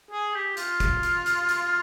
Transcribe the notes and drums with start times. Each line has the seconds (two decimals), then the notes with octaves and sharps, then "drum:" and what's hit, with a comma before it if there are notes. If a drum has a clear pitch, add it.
0.11 G#4
0.34 G4
0.57 F4, drum: hi-hat
0.80 drum: kick F#1, hi-hat
1.03 drum: hi-hat
1.26 drum: hi-hat
1.49 drum: hi-hat